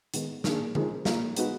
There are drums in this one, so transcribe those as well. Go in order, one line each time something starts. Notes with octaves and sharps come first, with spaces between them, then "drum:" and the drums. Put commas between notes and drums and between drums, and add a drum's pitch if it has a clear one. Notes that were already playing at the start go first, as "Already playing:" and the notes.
D#3 G#3 B3 D#4, drum: hi-hat
D#3 A#3 D4 G#4, drum: snare
F3 G#3 D#4 A#4, drum: tom D3
A#3 F4 A#4, drum: snare
G#3 B3 D#4 F#4 B4, drum: hi-hat